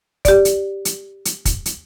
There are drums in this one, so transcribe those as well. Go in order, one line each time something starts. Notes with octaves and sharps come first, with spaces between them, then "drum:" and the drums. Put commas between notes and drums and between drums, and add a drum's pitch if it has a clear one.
G4 D5, drum: kick, hi-hat
drum: hi-hat
drum: hi-hat
drum: hi-hat
drum: kick, hi-hat
drum: hi-hat